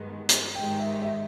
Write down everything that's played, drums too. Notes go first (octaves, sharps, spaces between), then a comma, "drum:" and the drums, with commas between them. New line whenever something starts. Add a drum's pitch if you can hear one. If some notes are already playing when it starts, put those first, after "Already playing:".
Already playing: G2 D#3 G#3 B3
drum: hi-hat
G#2 D#3 G#3 D#4 G4 G5
E5
E5